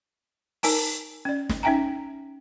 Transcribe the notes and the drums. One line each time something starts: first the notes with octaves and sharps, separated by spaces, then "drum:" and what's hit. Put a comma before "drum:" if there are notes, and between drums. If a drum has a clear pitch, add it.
D#4 A#4 G#5 A5, drum: open hi-hat
C#4 D5
drum: snare
C#4 D#4 E5 G5 G#5 A#5